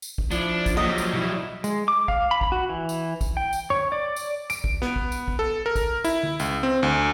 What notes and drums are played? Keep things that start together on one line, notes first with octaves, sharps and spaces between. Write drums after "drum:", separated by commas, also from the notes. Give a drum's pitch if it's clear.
drum: tambourine
drum: kick
F3 D4 E4, drum: tambourine
drum: kick, tambourine
D#2 F#3 G3 D#5
drum: tambourine
E4, drum: tom B2
G#3, drum: tambourine
D6
F5, drum: kick
B5
drum: kick
F#4
E3
drum: tambourine
drum: kick, tambourine
G5
drum: tambourine
C#5, drum: tom F#2
D5
drum: tambourine
D7, drum: tambourine
drum: kick
B3, drum: snare
drum: kick
drum: tambourine
drum: kick
A4
A#4
drum: kick, tambourine
E4, drum: tambourine
drum: tom D3
C#2, drum: tambourine
C4
D2